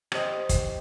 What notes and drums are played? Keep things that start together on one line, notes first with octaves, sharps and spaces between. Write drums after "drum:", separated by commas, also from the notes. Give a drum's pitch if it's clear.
G4 C5 D#5, drum: rim click
drum: kick, hi-hat